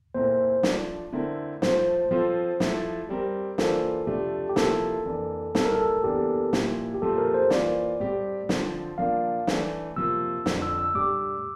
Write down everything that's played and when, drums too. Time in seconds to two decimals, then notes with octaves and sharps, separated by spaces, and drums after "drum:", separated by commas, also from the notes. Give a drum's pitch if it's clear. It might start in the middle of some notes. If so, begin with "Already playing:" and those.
0.15 A#2 A3 C4 E4 A#4 C5
0.63 F3 A3 D4, drum: snare
1.13 D3 A3 C4 E4 A#4
1.62 A2 F3 A3 C5, drum: snare
2.11 F3 C4 F4 A4
2.60 F3 A3 E4 A4, drum: snare
3.09 G3 C4 G4 A#4
3.58 E3 A#3 D4 F4 A4 C5, drum: snare
4.07 C3 F3 A3 D4 G4
4.49 G4
4.56 C3 F3 A#3 E4 A4, drum: snare
5.06 F2 E3 A#3 D4
5.55 A2 G3 A#3 E4 A4, drum: snare
5.65 A#4
5.75 A4
6.04 E2 E3 A#3 D4 G4 A4
6.53 A#2 F3 A#3 E4 G4, drum: snare
6.94 G4
7.02 A#2 F3 A3 C4 A4
7.18 A#4
7.34 C5
7.50 E3 A#3 F4 C5 D5, drum: snare
8.00 A2 G3 C4 G4
8.49 D3 F3 C4, drum: snare
8.98 F3 A#3 D4 F5
9.47 E3 A3 D4, drum: snare
9.96 C3 F3 A#3 E6
10.46 F2 D3 F3, drum: snare
10.62 E6
10.78 E6
10.94 A2 G3 D4 G4 D6